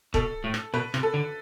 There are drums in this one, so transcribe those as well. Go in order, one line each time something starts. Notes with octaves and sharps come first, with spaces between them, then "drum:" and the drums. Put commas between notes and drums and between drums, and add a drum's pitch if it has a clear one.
B2 A4, drum: kick
A2
drum: rim click
B2 B4
C3, drum: rim click
A4
D3